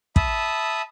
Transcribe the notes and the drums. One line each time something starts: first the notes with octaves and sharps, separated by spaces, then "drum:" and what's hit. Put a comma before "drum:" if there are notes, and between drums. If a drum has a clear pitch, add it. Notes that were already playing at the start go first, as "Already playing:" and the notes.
E5 A5 B5 D#6, drum: kick